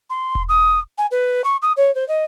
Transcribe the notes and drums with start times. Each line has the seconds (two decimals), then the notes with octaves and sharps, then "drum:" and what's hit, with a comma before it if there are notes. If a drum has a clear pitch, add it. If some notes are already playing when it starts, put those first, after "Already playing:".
0.10 C6
0.35 drum: kick E1
0.49 D#6
0.98 G#5
1.11 B4
1.44 C#6
1.62 D#6
1.77 C#5
1.95 C5
2.08 D#5